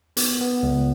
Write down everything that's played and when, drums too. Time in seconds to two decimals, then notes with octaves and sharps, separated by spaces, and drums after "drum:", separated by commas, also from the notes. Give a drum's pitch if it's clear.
0.17 B3, drum: hi-hat
0.41 B3
0.63 C#2